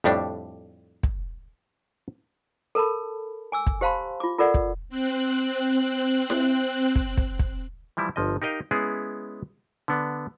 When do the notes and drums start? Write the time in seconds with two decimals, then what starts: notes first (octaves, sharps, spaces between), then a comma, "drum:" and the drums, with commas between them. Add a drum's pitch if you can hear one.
0.04 F2 A2 G3 D4
1.03 drum: kick
2.75 A4 A#4 A5 B5
3.52 G#5 D6 E6
3.67 drum: kick
3.81 G4 C5 F5 A5 B5 C6
4.20 F4 D6
4.38 F4 A4 A#4 D5 F#5
4.54 drum: kick
4.89 C4 F#6
6.30 drum: snare E4
6.96 drum: kick
7.18 drum: kick
7.39 drum: kick
7.97 E3 F3 G3 E4
8.16 G1 F3 D#5
8.42 D#4 G4 A#4 D#5 F5
8.71 G#3 B3 C#4 E4 G#4
9.88 D3 B3 D4